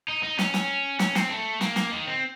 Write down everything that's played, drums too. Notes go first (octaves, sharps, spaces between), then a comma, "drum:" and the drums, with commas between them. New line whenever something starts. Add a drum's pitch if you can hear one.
D#4
D#4
C#4, drum: snare
drum: snare
C#4, drum: snare
C4, drum: snare
A3
A#3, drum: snare
drum: snare
D#3
C4